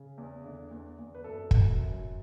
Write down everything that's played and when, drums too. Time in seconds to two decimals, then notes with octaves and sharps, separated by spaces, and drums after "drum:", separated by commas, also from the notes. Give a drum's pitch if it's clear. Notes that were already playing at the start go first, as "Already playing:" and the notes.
Already playing: C#3
0.18 E2
0.44 D3
0.71 E2
0.98 E2
1.15 B4
1.24 F#2 A4
1.51 F#2, drum: kick
1.79 F#2